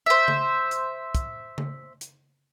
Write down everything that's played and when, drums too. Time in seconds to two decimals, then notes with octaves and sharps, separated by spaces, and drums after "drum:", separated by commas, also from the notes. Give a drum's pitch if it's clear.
0.06 C5 E5
0.28 drum: tom C#3
0.71 drum: hi-hat
1.15 drum: kick, hi-hat
1.58 drum: tom C#3
2.01 drum: hi-hat